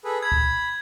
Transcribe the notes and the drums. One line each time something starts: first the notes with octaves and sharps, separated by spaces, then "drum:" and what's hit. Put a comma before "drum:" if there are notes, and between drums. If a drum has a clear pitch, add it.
G#4 A4 B4
B5 G#6
drum: kick